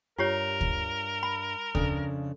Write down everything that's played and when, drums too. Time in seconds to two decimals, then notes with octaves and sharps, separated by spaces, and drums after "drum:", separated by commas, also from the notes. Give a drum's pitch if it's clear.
0.19 G2 F4 G4 A#4 C#5
0.61 drum: kick D2
1.23 B5
1.75 F2 C#3 D4 A4, drum: kick D2